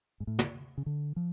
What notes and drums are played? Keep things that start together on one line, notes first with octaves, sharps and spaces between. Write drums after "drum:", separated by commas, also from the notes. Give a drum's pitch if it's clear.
G#2
A2
drum: tom
C#3
D3
F3